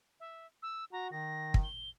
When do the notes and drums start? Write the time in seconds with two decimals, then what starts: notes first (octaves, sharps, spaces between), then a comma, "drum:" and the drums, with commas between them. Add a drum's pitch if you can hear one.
0.20 E5
0.63 E6
0.92 F#4 A#5
1.12 D#3 A#6
1.54 drum: kick
1.63 G7